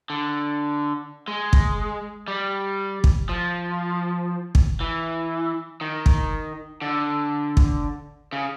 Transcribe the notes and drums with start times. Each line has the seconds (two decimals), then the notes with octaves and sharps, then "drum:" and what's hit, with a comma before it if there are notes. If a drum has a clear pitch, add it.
0.10 D3
1.28 G#3
1.53 drum: kick
2.28 G3
3.04 drum: kick
3.29 F3
4.55 drum: kick
4.80 E3
5.81 D#3
6.06 drum: kick
6.82 D3
7.57 drum: kick
8.33 C#3